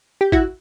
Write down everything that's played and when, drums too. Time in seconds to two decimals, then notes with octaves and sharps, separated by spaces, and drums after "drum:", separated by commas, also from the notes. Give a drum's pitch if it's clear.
0.21 G4
0.32 E4 F#4, drum: kick